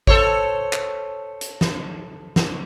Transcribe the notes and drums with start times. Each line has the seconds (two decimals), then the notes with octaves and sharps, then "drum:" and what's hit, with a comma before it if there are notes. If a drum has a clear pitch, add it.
0.07 A4 C5 C#5, drum: kick G#1
0.73 drum: clap
1.41 drum: hi-hat
1.61 drum: snare
2.36 drum: snare